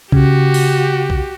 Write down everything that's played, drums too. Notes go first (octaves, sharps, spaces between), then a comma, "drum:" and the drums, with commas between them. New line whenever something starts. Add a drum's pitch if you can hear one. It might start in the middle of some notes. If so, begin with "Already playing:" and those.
C#3 F#4 G4, drum: kick B1
drum: open hi-hat
drum: kick B1